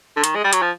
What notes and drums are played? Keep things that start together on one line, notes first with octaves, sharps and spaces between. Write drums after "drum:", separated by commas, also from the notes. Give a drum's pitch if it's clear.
D3
D#3, drum: hi-hat
G#3
G3
F#3, drum: hi-hat
F3